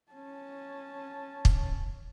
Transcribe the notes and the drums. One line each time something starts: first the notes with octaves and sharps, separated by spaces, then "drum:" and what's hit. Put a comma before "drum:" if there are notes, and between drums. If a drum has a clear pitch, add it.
C#4 A5
drum: kick